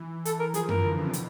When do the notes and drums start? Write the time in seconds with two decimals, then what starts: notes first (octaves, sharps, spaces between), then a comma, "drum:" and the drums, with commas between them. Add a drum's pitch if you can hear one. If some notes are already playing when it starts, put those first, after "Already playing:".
Already playing: E3
0.25 A4, drum: hi-hat
0.39 A#4
0.54 F3 G#4, drum: hi-hat
0.69 E3 A#4, drum: tom F#2
0.82 D3
0.98 C#3
1.05 C3
1.13 B2, drum: hi-hat